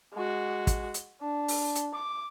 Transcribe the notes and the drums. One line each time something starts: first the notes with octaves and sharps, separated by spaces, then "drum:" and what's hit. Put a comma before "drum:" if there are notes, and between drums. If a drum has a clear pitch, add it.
G#3 F#4
drum: kick, hi-hat
drum: hi-hat
D4
drum: open hi-hat
drum: hi-hat
D6